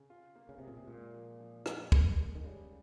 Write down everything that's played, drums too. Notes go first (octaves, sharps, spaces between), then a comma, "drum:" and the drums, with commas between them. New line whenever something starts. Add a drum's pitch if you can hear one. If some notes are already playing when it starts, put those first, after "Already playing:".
Already playing: C#3
F4
A#3
C#3
C3 G#4
A#2
C3
A#2 G#3
F3
F3
F2, drum: rim click
F2, drum: kick
G#3
D#3
C#3 G3